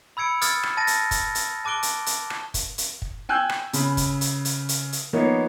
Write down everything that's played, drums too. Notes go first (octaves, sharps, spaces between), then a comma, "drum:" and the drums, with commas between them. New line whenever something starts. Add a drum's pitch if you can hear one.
B5 E6 G#6 C#7 D7
D#6 F6 G#6 A6, drum: hi-hat
drum: rim click
A5 A6 A#6 D#7
drum: hi-hat
drum: kick, hi-hat
drum: hi-hat
A5 D6 F#6 D7 G7
drum: hi-hat
drum: hi-hat
drum: rim click
drum: kick, hi-hat
drum: hi-hat
drum: kick
G5 G#5 E6 F#6 G6
drum: rim click
C#3 B5, drum: hi-hat
drum: kick, hi-hat
drum: hi-hat
drum: hi-hat
drum: hi-hat
drum: hi-hat
F3 A#3 B3 D#4 C#5